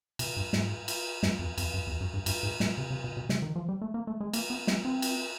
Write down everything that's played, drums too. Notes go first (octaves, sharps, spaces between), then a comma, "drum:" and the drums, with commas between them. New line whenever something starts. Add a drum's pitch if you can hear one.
B2, drum: cymbal
G2
G#2, drum: snare
drum: cymbal
G2, drum: snare
F2
F2, drum: cymbal
F#2
E2
F#2
G2
G2, drum: cymbal
G#2
A2, drum: snare
C3
C3
B2
B2
C3, drum: snare
D#3
F3
G3
A3
A#3
A3
G#3
A#3, drum: cymbal
B3
B3, drum: snare
C4
drum: cymbal